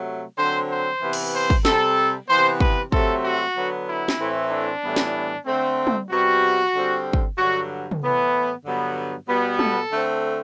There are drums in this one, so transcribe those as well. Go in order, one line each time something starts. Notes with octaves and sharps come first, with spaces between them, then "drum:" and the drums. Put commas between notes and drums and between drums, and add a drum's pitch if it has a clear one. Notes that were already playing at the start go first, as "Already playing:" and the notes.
Already playing: C3 F#3 A3
D3 F#3 C4 C5
C5
C3 E3 B3
drum: cymbal
C5
drum: kick
C3 G3 C4 A4, drum: snare
C3 E3 B3 C5
B4, drum: kick
C3 F#3 A3 C4 A4, drum: kick
F#4
D3 F#3 B3
E4
drum: snare
A2 E3 A3 C4
D4
A2 E3 G3 B3
drum: snare
D3 A3 C4
drum: tom
C3 G3 B3 F#4
D3 G3 C4
drum: kick
G2 D3 F#3 F#4
drum: tom
A2 E3 B3
G2 D3 F#3 B3
B2 G3 B3
A4, drum: tom
D3 A3 C4